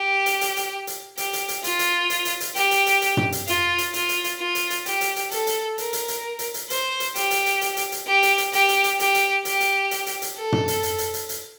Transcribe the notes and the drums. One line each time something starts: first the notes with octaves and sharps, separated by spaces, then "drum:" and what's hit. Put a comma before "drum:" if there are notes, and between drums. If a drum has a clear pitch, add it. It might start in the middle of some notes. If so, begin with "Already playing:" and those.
Already playing: G4
drum: hi-hat
drum: hi-hat
drum: hi-hat
drum: hi-hat
G4, drum: hi-hat
drum: hi-hat
drum: hi-hat
F4, drum: hi-hat
drum: hi-hat
drum: hi-hat
drum: hi-hat
drum: hi-hat
G4, drum: hi-hat
drum: hi-hat
drum: hi-hat
drum: hi-hat
drum: tom
drum: hi-hat
F4, drum: hi-hat
drum: hi-hat
F4, drum: hi-hat
drum: hi-hat
drum: hi-hat
F4
drum: hi-hat
drum: hi-hat
G4, drum: hi-hat
drum: hi-hat
drum: hi-hat
A4, drum: hi-hat
drum: hi-hat
A#4, drum: hi-hat
drum: hi-hat
drum: hi-hat
drum: hi-hat
drum: hi-hat
C5, drum: hi-hat
drum: hi-hat
G4, drum: hi-hat
drum: hi-hat
drum: hi-hat
drum: hi-hat
drum: hi-hat
drum: hi-hat
G4
drum: hi-hat
drum: hi-hat
G4, drum: hi-hat
drum: hi-hat
drum: hi-hat
G4, drum: hi-hat
drum: hi-hat
G4, drum: hi-hat
drum: hi-hat
drum: hi-hat
drum: hi-hat
drum: hi-hat
A4
drum: tom
drum: hi-hat
drum: hi-hat
drum: hi-hat
drum: hi-hat
drum: hi-hat